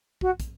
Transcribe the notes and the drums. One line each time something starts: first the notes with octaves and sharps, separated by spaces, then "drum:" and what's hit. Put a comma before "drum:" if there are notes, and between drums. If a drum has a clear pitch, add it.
F#4, drum: kick
drum: kick, hi-hat